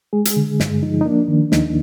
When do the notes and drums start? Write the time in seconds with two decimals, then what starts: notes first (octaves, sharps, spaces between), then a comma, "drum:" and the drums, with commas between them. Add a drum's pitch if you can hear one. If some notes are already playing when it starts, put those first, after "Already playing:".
0.13 G#3 G#4
0.25 drum: hi-hat
0.36 D3
0.60 G2, drum: snare
0.83 F3 D#4
1.01 D#4
1.05 A#3 D4
1.28 D#3
1.52 D#2 D#4, drum: snare